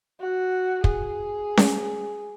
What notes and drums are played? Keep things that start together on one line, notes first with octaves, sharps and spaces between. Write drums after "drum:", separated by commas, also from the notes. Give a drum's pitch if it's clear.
F#4
G#4, drum: kick
drum: snare C#4